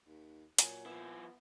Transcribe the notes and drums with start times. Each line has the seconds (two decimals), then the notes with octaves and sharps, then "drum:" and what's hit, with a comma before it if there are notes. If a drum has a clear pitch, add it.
0.06 D#2
0.59 A#2 F#3 G#5, drum: hi-hat
0.86 F3 B3 E4